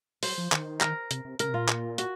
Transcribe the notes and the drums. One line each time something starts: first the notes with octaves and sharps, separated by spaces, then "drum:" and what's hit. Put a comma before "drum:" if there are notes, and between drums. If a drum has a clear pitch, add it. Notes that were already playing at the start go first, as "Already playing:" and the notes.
F#3 C5, drum: open hi-hat
F3
D#3, drum: clap
A#4, drum: clap
C3, drum: hi-hat
C3
C#3 A#4, drum: hi-hat
C3
A#2 F4
drum: clap
F#4, drum: hi-hat